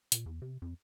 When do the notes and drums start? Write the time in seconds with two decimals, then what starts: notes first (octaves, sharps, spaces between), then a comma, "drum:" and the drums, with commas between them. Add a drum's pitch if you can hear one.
0.12 A#2, drum: hi-hat
0.26 E2
0.42 C3
0.62 F2